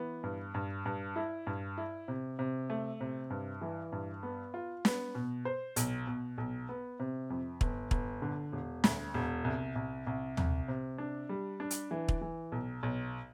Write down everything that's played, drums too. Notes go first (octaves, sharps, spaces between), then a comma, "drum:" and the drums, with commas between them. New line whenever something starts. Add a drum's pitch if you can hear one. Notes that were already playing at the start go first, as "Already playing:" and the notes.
Already playing: E3 B3
G2
G2
G2
E4
G2
E4
C3
C3
A3
C3
G2
E3
G2
B3
F4
B3, drum: snare
B2
C5
B1, drum: hi-hat
B2
B1
B3
C3
F2
G1, drum: kick
G1, drum: kick
D3
E1
D2, drum: snare
E1
C2
C2
C2
C2, drum: tom
C3
D4
G3
D4
drum: hi-hat
E3
drum: kick
E3
B1
B1